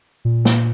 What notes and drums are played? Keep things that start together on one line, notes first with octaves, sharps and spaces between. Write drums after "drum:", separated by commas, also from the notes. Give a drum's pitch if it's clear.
A#2
drum: snare